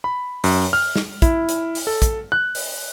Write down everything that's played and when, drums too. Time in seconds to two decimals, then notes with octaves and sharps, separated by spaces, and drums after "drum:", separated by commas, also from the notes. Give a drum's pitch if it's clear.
0.04 B5
0.44 F#2, drum: open hi-hat
0.73 F6
0.96 drum: snare
1.22 E4, drum: kick, hi-hat
1.49 drum: hi-hat
1.75 drum: open hi-hat
1.87 A4
2.02 drum: kick, hi-hat
2.32 F#6
2.55 drum: open hi-hat